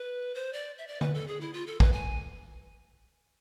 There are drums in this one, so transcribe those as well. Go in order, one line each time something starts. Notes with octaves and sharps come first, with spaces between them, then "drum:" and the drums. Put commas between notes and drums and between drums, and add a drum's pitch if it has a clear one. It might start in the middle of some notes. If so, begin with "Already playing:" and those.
Already playing: B4
C5
D5
E5
D5
B4, drum: tom D3
A4
G#4
E4
F4
A4
B4, drum: kick
G#5